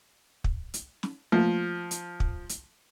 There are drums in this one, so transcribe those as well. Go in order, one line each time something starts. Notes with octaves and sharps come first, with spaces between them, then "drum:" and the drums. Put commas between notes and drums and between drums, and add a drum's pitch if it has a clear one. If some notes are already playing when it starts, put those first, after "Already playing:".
drum: kick
drum: hi-hat
drum: snare
F3 A3 A#3
drum: hi-hat
drum: kick
drum: hi-hat